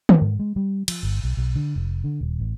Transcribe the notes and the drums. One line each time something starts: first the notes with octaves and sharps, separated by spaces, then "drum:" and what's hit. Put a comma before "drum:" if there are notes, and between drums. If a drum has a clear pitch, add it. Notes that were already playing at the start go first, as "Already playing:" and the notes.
drum: tom D3
G#2
G#3
G3
F3, drum: cymbal
G1
B1
B1
D3
F1
D3
D#1
A1